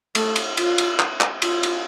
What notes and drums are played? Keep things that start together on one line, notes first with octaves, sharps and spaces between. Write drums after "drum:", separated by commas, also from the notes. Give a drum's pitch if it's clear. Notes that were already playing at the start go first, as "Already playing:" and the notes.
A3, drum: cymbal
drum: cymbal
F4, drum: cymbal
drum: cymbal
drum: clap
drum: clap
F4, drum: cymbal
drum: cymbal